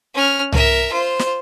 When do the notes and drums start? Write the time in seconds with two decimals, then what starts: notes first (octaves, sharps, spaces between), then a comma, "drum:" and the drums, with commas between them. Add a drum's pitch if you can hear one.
0.15 C#4 F6
0.52 A#4 E5, drum: tom C2
0.93 F4 C5
1.19 drum: snare